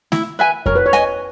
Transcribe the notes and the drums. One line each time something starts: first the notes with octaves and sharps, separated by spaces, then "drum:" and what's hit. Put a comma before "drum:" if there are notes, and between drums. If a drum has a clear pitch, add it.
E4, drum: snare A3
B4 E5 G#5
A#4 C#5, drum: kick F2
B4
C#5
D#5 G#5, drum: hi-hat